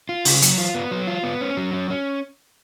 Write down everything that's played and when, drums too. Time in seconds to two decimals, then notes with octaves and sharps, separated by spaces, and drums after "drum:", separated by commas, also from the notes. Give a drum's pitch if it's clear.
0.09 F4
0.25 C#3, drum: open hi-hat
0.42 F#3, drum: hi-hat
0.58 F4
0.75 B3
0.91 F#3
1.07 F4
1.23 B3
1.41 C#4
1.57 F#3
1.73 C#4
1.90 C#4